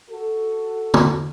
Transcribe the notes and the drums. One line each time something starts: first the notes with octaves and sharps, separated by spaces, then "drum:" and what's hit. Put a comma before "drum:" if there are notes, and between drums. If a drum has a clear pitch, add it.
F#4 A4
drum: tom D3